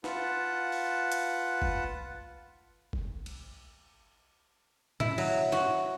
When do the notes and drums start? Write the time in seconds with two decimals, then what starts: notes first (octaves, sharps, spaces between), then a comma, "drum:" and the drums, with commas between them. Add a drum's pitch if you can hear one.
0.04 F4 B4 F#5 A5, drum: snare
0.72 drum: open hi-hat
1.12 drum: hi-hat
1.62 drum: kick
2.93 drum: kick
3.26 drum: cymbal
5.00 E4, drum: tom A2
5.18 F#3, drum: cymbal
5.52 F#4, drum: snare